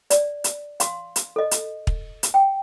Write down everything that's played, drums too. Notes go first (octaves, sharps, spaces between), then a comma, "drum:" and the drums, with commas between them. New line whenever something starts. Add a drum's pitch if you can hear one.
D5, drum: hi-hat
drum: hi-hat
F5 C6, drum: hi-hat
drum: hi-hat
A4 D#5
drum: hi-hat
drum: kick
drum: hi-hat
G5